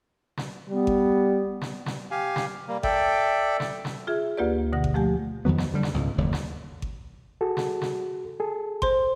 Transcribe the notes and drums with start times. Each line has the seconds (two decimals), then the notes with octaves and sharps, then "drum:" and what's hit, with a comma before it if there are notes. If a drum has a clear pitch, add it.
0.37 drum: snare
0.69 G3 B3
0.87 drum: kick G#1
1.61 drum: snare
1.86 drum: snare
2.11 G4 F5 G#5
2.36 drum: snare
2.68 G3 A#3
2.83 A4 D5 E5 G5, drum: kick G#1
3.60 drum: snare
3.85 drum: snare
4.07 F4 G#4 E5
4.37 D2 A#3 F4 G4 B4 D5
4.73 B2 D3 F#5 A#6
4.84 drum: kick G#1
4.94 F3 A3 G4 G#5
5.45 F2 D#3 F#3 B3
5.58 drum: snare
5.74 D3 G3
5.83 drum: snare
5.94 C#2 G#2 B2
6.18 F#1 D#2 A2
6.33 drum: snare
6.82 drum: kick G#1
7.41 F#4 G#4 A4
7.57 drum: snare
7.82 drum: snare
8.40 G#4 A4
8.82 C5 C6, drum: kick G#1